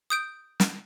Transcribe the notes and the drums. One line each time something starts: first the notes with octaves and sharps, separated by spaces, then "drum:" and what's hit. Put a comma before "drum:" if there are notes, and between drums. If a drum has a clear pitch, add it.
D#6 G6 D7
drum: snare